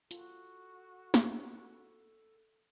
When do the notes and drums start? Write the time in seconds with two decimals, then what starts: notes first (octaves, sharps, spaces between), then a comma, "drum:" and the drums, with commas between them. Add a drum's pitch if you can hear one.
0.11 F4 F#4 A4, drum: hi-hat
1.14 drum: snare